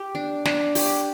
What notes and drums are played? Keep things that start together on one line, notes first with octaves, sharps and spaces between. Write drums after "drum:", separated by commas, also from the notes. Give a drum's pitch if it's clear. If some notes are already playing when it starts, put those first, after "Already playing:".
Already playing: G4
D4
D4, drum: snare
G4, drum: open hi-hat